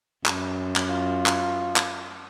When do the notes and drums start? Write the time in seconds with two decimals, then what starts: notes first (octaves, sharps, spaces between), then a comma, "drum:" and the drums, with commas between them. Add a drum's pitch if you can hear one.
0.26 F#2, drum: clap
0.76 drum: clap
0.89 F4
1.26 drum: clap
1.76 drum: clap